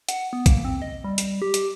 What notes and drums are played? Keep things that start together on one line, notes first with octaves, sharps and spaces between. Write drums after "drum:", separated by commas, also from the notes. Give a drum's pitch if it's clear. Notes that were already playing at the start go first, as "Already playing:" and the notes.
F#5, drum: hi-hat
B3
A#3, drum: kick A#1, hi-hat
C4
D#5
G3
drum: hi-hat
G4
drum: hi-hat